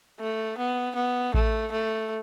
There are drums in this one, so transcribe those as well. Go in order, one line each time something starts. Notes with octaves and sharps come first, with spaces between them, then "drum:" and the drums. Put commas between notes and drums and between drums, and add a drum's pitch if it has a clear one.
A3
B3
B3
A3, drum: kick A1
A3